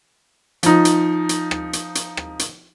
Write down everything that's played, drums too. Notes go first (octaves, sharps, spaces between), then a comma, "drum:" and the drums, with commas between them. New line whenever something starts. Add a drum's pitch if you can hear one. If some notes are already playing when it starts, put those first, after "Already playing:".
F3 D#4, drum: hi-hat
drum: hi-hat
drum: hi-hat
drum: rim click
drum: hi-hat
drum: hi-hat
drum: rim click
drum: hi-hat